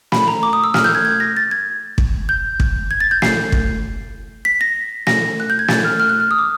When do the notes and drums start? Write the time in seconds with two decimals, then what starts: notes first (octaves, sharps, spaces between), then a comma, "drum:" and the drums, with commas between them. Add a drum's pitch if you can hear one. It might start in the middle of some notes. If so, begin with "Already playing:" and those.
0.12 B5, drum: snare
0.28 A#5
0.43 D6
0.53 D#6
0.64 E6
0.74 F6, drum: snare
0.84 G6
0.95 G#6
1.05 G#6
1.20 A#6
1.37 A6
1.51 G#6
1.98 drum: kick
2.29 G6
2.60 drum: kick
2.91 G#6
3.00 A6
3.11 G6
3.22 C7, drum: snare
3.52 drum: kick
4.45 B6
4.61 A#6
5.07 A#6, drum: snare
5.40 F#6
5.50 G6
5.59 G#6
5.68 A6, drum: snare
5.85 F6
6.00 F6
6.09 F#6
6.20 F6
6.31 D#6
6.39 D6